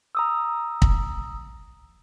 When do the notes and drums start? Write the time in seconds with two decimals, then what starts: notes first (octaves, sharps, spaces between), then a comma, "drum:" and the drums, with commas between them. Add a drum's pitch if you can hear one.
0.15 A#5 D#6 E6
0.82 drum: kick